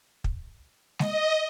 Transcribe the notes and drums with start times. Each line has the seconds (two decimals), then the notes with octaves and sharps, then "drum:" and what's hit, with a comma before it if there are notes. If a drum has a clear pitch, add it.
0.24 drum: kick
0.99 D#5, drum: snare G#3